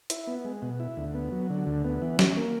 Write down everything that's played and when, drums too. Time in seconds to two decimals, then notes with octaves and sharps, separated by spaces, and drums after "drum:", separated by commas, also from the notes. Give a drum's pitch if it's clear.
0.10 E4, drum: hi-hat
0.27 B3
0.45 G#3
0.62 B2
0.80 E4
0.97 D2
1.15 B3
1.32 F#3
1.50 D3
1.67 D2
1.84 B3
2.02 E3
2.19 C#4, drum: snare
2.37 A#3